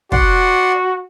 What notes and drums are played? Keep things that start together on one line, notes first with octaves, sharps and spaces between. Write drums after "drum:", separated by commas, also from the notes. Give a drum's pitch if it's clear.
F#4 D5 F#5 C6, drum: kick